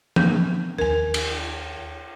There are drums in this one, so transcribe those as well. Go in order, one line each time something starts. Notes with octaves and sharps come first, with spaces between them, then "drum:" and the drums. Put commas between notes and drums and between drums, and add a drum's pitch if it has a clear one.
A#3, drum: tom F3
D#2 D4 A#4 G#5
drum: cymbal